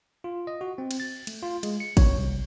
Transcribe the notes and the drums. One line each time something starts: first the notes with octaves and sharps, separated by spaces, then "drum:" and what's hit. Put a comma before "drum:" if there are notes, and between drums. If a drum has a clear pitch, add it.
F4
D#5
F#4
C4
drum: cymbal
A6
A3, drum: cymbal
F4
G#3, drum: cymbal
C#7
C#5, drum: kick, cymbal
C2